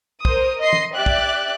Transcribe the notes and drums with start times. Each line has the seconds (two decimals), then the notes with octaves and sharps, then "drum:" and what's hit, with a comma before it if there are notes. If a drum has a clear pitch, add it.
0.25 A#4 C5 D#6, drum: kick
0.62 D#5 C6 D#6 C7
0.73 drum: tom
0.96 G4 D5 E5 F#6
1.06 drum: kick